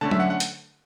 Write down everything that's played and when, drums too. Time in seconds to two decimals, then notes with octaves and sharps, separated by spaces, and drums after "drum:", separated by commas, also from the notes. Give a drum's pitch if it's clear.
0.01 D3 A3 C#4 A5
0.11 E5, drum: tom F#3
0.20 F#5
0.30 F#5
0.40 drum: hi-hat